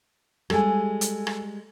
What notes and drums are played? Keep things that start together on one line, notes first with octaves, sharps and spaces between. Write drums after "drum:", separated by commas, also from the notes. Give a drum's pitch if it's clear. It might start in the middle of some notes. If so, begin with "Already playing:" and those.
G3 G#3 A4 G#5, drum: rim click
drum: hi-hat
drum: rim click